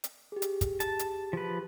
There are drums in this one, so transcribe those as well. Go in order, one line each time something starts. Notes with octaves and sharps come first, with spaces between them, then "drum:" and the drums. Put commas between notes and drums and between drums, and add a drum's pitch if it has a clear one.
drum: hi-hat
G4 G#4
drum: hi-hat
drum: kick, hi-hat
A5, drum: hi-hat
drum: hi-hat
F3 B4